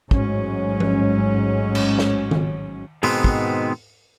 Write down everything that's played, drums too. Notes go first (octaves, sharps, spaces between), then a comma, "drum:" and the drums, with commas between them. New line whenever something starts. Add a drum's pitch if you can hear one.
A1 G#2 F#3 G#3 C#4, drum: kick
drum: tom F3
drum: cymbal
drum: snare
drum: tom D#3
G#2 B2 D#3 G#3 B3 C4, drum: open hi-hat
drum: kick